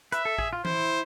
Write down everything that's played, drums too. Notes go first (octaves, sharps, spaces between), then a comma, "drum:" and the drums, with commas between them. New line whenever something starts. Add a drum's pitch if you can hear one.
B4 E5, drum: hi-hat
A4
G#4, drum: kick A1
F4
E4 C5, drum: tom E3